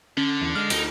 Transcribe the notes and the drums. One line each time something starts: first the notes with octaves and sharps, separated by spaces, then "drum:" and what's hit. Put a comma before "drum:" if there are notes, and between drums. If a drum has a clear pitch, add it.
D3 C#4
E2
G#3 F6
D2 D3 D#4, drum: cymbal